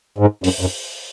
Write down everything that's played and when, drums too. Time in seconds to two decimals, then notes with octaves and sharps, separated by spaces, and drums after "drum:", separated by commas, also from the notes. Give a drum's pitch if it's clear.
0.18 G#2
0.44 F#2, drum: open hi-hat
0.61 F#2